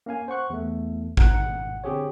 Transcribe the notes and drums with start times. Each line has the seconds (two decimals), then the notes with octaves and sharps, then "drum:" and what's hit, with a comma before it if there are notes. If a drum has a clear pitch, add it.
0.06 A#3 C#4 F5 G#5
0.28 C5 F#5 C#6 F#6
0.50 E2 A3
1.17 F#5 A#5 F#6, drum: kick A1
1.34 G#1 F#5
1.84 D3 C4 G4 G#4 C#5